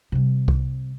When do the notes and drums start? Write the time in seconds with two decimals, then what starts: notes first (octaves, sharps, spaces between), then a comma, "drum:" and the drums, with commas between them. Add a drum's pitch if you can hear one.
0.12 C3 G3
0.48 drum: kick C2